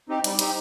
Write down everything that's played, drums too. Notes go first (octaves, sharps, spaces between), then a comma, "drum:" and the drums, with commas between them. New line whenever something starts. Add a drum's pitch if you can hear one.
C4 D#4 G4
G3, drum: hi-hat
C4 D#4 G4, drum: hi-hat